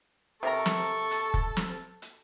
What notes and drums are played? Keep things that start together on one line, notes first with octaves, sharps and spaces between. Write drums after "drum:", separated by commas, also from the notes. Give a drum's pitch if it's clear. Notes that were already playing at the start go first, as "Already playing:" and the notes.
C3 A4 A#4 A#5 C#6
drum: snare
drum: hi-hat
drum: kick
drum: snare
drum: hi-hat